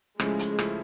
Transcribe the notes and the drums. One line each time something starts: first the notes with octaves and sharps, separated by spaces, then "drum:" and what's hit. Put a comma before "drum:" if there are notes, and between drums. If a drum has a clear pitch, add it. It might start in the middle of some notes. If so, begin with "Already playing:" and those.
C#3 F3 G#3 A3 C#4 E4, drum: rim click
drum: hi-hat
C#3 F3 A3 C#4 E4, drum: rim click